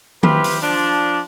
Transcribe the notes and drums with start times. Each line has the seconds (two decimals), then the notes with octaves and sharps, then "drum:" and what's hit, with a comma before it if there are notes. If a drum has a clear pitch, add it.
0.23 C4 E4 F4 G4 B4, drum: tom D#3
0.44 drum: open hi-hat
0.62 F3 D4